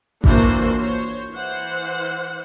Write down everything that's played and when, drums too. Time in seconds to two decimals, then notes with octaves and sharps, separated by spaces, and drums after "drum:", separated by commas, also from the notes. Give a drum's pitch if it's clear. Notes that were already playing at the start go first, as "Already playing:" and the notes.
0.24 E3 A#3 D4 F4 F#4 C5, drum: kick A1
0.78 C5 C#5
1.33 E3 C5 F#5